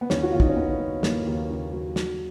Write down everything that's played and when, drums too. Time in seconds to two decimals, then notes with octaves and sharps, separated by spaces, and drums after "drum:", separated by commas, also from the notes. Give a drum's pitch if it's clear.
0.01 B3
0.10 D#2 C#4, drum: snare
0.23 F#4
0.32 D#2 F4
0.40 D#4, drum: kick
0.48 C#4
0.56 C#3 B3
0.80 F#3
1.03 D#2 A#3, drum: snare
1.26 D#2
1.50 C#3
1.73 F#3
1.96 F#3, drum: snare